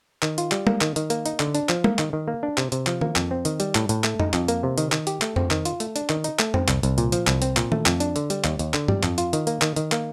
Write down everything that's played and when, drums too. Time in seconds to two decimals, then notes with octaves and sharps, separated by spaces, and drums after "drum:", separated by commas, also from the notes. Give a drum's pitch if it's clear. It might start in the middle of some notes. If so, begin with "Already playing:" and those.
0.23 D#3, drum: clap
0.38 F4, drum: hi-hat
0.52 G3, drum: clap
0.67 A#3, drum: tom
0.81 D#3, drum: clap
0.96 D#3, drum: hi-hat
1.10 A#3, drum: hi-hat
1.26 D#4, drum: hi-hat
1.40 D3, drum: clap
1.55 D4, drum: hi-hat
1.69 F3, drum: clap
1.84 A#3, drum: tom
1.99 D#3, drum: clap
2.13 D#3
2.28 A#3
2.43 D4
2.58 C3, drum: clap
2.72 C3, drum: hi-hat
2.87 F3, drum: clap
3.01 A#3, drum: tom D#3
3.16 F2, drum: clap
3.31 C4
3.45 D#3, drum: hi-hat
3.60 G3, drum: hi-hat
3.75 A2, drum: clap
3.89 A2, drum: hi-hat
4.04 A3, drum: clap
4.20 D#4, drum: tom F2
4.34 F2, drum: clap
4.48 A#3, drum: hi-hat
4.63 C3
4.78 D#3, drum: hi-hat
4.92 D#3, drum: clap
5.07 G4, drum: hi-hat
5.22 A3, drum: clap
5.36 C4, drum: tom F2
5.51 D#3, drum: clap
5.65 F4, drum: hi-hat
5.80 A3, drum: hi-hat
5.96 D4, drum: hi-hat
6.10 D#3, drum: clap
6.24 D#4, drum: hi-hat
6.39 A3, drum: clap
6.54 C4, drum: tom F2
6.68 C2, drum: clap
6.83 C2, drum: hi-hat
6.98 A#2, drum: hi-hat
7.12 F3, drum: hi-hat
7.27 C2, drum: clap
7.42 C4, drum: hi-hat
7.57 A#2, drum: clap
7.72 A3, drum: tom D#3
7.86 F2, drum: clap
8.00 D4, drum: hi-hat
8.16 D3, drum: hi-hat
8.30 G3, drum: hi-hat
8.44 D#2, drum: clap
8.59 D#2, drum: hi-hat
8.74 D3, drum: clap
8.88 G3, drum: tom
9.03 F2, drum: clap
9.18 F4, drum: hi-hat
9.33 D#3, drum: hi-hat
9.47 A#3, drum: hi-hat
9.62 D#3, drum: clap
9.76 D#3, drum: hi-hat
9.92 A#3, drum: clap